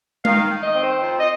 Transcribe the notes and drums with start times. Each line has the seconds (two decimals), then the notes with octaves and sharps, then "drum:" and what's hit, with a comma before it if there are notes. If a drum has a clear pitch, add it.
0.25 D#3 F5, drum: tom G#3
0.50 D#3
0.63 D#5
0.76 C4
0.83 C5
1.01 F2 C5
1.20 D#5